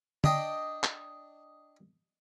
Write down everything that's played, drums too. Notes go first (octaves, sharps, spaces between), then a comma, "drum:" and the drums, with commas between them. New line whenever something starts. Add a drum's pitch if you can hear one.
D4 D#5 G5, drum: tom
drum: clap